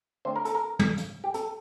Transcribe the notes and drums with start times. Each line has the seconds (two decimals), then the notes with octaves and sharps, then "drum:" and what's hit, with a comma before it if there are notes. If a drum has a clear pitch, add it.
0.25 D3 A3 C4 C5
0.36 A#4
0.45 A4, drum: hi-hat
0.55 A#4
0.79 drum: tom
0.97 drum: hi-hat
1.24 G4
1.34 A4, drum: hi-hat